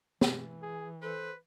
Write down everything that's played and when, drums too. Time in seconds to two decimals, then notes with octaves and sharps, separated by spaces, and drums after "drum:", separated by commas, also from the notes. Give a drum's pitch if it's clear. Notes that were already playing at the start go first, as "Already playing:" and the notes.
0.21 E3, drum: snare
0.62 G#4
1.02 A4 B4 C5